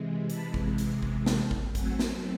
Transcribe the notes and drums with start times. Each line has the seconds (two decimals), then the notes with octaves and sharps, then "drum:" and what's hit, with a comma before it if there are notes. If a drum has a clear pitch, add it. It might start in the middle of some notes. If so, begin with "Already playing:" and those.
Already playing: C3 E3 G#3
0.30 A5 B5, drum: hi-hat
0.54 drum: kick G#1
0.78 drum: hi-hat
1.03 drum: kick G#1
1.26 G5 A5, drum: snare
1.51 drum: kick G#1
1.75 F#3 A3 C4 F#5 G#5, drum: kick G#1, hi-hat
1.99 drum: snare